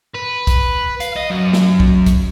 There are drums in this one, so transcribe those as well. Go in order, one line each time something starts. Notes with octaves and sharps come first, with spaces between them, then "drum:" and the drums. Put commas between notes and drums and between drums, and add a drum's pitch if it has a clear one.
B4
drum: kick, hi-hat
F5, drum: hi-hat
D#5
F#2
drum: snare
drum: kick
drum: kick, hi-hat